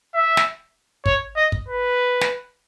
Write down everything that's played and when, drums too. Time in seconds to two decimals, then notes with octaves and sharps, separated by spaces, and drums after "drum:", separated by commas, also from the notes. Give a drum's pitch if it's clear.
0.14 E5
0.37 drum: snare
1.06 C#5, drum: kick
1.36 D#5
1.52 drum: kick
1.68 B4
2.21 drum: snare